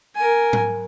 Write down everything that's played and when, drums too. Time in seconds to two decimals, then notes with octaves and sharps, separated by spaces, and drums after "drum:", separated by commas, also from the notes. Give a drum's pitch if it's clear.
0.16 A#4 G#5
0.53 drum: tom G#2